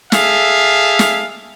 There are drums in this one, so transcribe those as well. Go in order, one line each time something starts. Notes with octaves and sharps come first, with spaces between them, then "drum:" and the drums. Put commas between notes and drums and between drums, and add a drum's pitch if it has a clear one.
G#4 A4 E5 F5, drum: snare
drum: snare